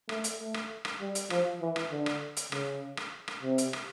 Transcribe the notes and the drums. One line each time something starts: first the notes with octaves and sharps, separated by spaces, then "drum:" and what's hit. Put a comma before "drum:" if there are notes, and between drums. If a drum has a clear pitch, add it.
A3, drum: rim click
drum: hi-hat
A3
drum: rim click
drum: rim click
G3
drum: hi-hat
F3, drum: rim click
E3
drum: rim click
D3
drum: rim click
drum: hi-hat
C#3, drum: rim click
drum: rim click
drum: rim click
C3
drum: hi-hat
drum: rim click